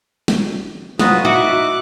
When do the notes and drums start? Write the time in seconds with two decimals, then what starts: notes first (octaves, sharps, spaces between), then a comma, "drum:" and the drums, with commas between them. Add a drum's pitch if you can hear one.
0.28 drum: snare
0.99 F2 E3 F#3 F4 F#4 B4 D#6, drum: snare
1.25 D#4 F#4 E5 D6 F#6